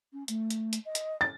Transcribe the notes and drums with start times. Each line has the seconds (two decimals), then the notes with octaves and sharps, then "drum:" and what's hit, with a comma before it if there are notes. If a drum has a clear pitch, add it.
0.13 C#4
0.28 A3, drum: hi-hat
0.50 drum: hi-hat
0.73 drum: hi-hat
0.85 D#5
0.95 drum: hi-hat
1.21 A6